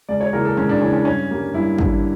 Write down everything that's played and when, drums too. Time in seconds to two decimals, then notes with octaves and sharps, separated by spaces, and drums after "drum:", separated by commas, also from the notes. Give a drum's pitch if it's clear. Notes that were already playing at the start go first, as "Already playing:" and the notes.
0.09 C#2 D5
0.21 C#5
0.33 C#3 E3 A#3 A#4
0.45 A4
0.57 C#2 C#4, drum: tom
0.69 D4
0.81 C#3 E3 A#3 C#4
0.93 C#4
1.05 G2 C#4
1.30 D3 G3 A#3
1.54 G2 E4
1.78 D3 G3 A#3, drum: kick